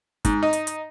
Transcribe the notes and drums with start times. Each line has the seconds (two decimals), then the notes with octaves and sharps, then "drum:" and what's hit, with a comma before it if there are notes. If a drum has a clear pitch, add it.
0.25 G#2, drum: kick, hi-hat
0.43 D#4
0.53 drum: hi-hat
0.67 drum: hi-hat